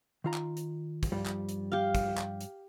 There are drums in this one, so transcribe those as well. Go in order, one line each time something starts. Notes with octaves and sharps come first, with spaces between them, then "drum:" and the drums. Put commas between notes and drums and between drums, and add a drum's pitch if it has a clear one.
D#3 F4 A#5
drum: clap
drum: hi-hat
drum: kick, hi-hat
G2 F3 G3
drum: clap
drum: hi-hat
G4 F5
drum: kick, hi-hat
drum: clap
drum: hi-hat